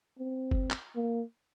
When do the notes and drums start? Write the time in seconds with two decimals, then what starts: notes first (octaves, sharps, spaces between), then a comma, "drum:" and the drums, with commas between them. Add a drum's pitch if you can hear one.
0.19 C4
0.51 drum: kick F#1
0.70 drum: clap
0.96 A#3